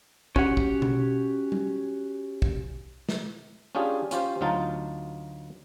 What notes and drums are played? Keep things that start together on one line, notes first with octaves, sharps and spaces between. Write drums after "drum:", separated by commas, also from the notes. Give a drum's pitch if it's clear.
C#4 F#4 G4 F#5, drum: kick
drum: kick
drum: tom B2
drum: tom G3
drum: kick
drum: snare
C#4 D4 F4 G4 G#4
C#4 F4 G4 C5, drum: hi-hat
D2 F#3 D#4 F4 A5